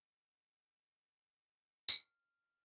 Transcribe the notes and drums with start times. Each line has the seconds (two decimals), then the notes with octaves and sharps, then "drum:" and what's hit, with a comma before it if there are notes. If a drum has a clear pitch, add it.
1.89 F6, drum: tambourine